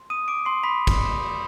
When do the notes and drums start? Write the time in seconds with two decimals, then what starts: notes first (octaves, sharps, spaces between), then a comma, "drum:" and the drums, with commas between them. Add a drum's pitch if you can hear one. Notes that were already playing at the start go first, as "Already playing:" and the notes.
Already playing: C6
0.10 D#6 D#7
0.28 D6 D7
0.45 C6 C7
0.63 B5 B6
0.87 drum: kick, cymbal